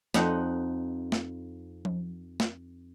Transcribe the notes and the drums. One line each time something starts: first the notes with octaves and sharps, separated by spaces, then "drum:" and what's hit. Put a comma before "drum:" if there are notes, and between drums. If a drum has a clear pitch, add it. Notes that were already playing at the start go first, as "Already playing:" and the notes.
F2 D#4 F#5, drum: snare
drum: snare
drum: tom F3
drum: snare